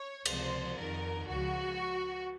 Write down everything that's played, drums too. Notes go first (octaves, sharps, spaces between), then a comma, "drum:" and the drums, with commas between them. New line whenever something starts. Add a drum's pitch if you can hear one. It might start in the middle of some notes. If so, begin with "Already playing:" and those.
Already playing: C#5
C#2 C3 F3 C5, drum: cymbal
F2 D#3 A#4
C#2 C#3 F3 F#4